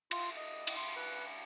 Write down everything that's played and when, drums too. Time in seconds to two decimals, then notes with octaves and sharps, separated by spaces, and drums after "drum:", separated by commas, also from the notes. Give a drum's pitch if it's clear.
0.11 F4, drum: cymbal
0.37 D#5
0.67 drum: cymbal
0.77 C6
0.96 B4